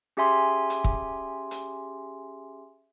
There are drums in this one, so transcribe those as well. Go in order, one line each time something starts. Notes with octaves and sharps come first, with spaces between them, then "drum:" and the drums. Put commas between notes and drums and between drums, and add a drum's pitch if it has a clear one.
C#4 G4 G#4 E5 G#5 C6
drum: hi-hat
drum: kick
drum: hi-hat